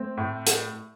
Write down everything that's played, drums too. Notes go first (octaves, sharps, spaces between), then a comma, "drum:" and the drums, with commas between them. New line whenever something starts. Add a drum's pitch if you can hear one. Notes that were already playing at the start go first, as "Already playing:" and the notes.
Already playing: A3 C4
A2
drum: hi-hat